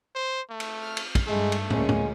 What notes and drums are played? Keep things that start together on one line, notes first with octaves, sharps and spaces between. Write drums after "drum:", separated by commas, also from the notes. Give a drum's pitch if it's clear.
C5
A3
drum: cymbal
F6
drum: cymbal
drum: kick, cymbal
G2 G#3 A3
drum: cymbal
D2 A#2 G#3 C#4, drum: tom
drum: tom